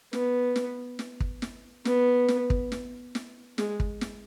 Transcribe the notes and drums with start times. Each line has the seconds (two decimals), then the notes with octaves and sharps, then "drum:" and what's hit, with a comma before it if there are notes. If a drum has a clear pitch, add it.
0.13 B3, drum: snare
0.56 drum: snare
0.99 drum: snare
1.20 drum: kick
1.42 drum: snare
1.85 B3, drum: snare
2.28 drum: snare
2.50 drum: kick
2.72 drum: snare
3.15 drum: snare
3.58 G#3, drum: snare
3.80 drum: kick
4.01 drum: snare